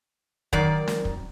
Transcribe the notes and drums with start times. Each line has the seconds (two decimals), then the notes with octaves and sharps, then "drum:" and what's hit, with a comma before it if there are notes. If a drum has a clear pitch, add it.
0.53 F#2 D#3 D5, drum: kick
0.88 drum: snare
1.05 drum: kick